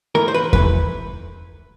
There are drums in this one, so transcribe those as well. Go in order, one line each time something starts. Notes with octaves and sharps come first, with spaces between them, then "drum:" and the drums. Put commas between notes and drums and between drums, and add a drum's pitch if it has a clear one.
G#2 E3 A3 A#4
C5
B4
G#2 E3 A3 B4, drum: kick E2